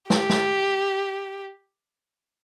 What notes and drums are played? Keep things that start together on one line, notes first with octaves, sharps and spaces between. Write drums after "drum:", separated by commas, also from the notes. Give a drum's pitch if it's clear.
G4, drum: snare
drum: snare